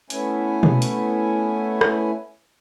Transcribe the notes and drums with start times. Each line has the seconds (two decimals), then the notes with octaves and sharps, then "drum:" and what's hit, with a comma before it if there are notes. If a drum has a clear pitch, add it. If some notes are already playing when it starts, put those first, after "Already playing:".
0.10 A3 B3 C#4 E4 G#5, drum: hi-hat
0.63 drum: tom B2
0.82 drum: hi-hat
1.81 drum: rim click